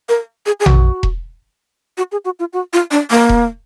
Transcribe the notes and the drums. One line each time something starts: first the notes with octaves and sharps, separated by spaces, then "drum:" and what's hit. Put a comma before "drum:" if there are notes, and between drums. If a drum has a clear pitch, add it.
A#4
G#4
G#4
F#4, drum: tom A#1
drum: kick E1
F#4
G#4
F#4
F4
F#4
F4
D4
A#3
drum: kick E1